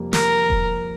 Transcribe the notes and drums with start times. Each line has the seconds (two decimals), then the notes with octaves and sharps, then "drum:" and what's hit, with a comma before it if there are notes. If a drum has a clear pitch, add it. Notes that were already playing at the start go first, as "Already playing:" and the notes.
Already playing: F2 C3 G3 A#3
0.13 A#4, drum: snare
0.50 drum: kick E1